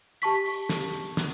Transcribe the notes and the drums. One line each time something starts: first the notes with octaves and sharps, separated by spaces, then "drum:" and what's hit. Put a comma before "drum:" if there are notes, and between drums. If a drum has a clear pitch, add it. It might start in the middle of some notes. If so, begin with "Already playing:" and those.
G4 A5 C#6 B6, drum: hi-hat
drum: open hi-hat
drum: snare
drum: hi-hat
drum: snare